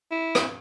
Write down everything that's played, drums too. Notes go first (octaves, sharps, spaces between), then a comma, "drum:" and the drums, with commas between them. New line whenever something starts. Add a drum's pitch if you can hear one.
E4
drum: rim click